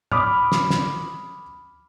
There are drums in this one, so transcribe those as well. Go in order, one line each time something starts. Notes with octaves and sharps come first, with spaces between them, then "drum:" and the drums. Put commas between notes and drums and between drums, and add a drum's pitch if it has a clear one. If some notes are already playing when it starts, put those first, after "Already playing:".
B5 D6 D#6 F6, drum: tom A2
drum: snare
drum: snare